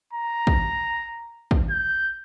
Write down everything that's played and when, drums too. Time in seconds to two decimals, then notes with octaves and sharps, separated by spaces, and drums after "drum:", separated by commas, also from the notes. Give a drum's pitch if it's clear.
0.13 A#5
0.47 drum: kick
1.51 drum: kick
1.70 G6